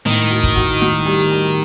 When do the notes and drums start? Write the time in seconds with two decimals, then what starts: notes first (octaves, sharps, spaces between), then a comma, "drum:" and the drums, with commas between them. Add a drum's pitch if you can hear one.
0.06 A2 D#3, drum: hi-hat
0.31 F#4
0.43 drum: kick
0.56 F#4
0.81 F#4, drum: snare
1.06 G3
1.19 drum: hi-hat
1.32 G3